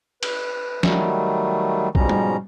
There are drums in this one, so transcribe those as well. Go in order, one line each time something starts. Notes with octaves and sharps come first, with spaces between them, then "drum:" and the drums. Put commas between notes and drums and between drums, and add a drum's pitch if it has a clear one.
B4, drum: cymbal
D#3 F#3 G3 A3, drum: snare F3
G#2 B2 F3 G3 C#4 A#5, drum: kick
drum: tom G3